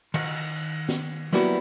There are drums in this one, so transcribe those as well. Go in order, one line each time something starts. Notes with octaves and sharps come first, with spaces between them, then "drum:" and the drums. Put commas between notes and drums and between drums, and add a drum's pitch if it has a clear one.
D#3 F#5, drum: cymbal
drum: snare
F#3 G3 A#3 B3 E4 F#4